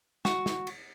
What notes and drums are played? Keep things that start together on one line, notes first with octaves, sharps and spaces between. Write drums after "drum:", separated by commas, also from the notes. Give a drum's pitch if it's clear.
F#4, drum: snare
drum: snare
drum: cymbal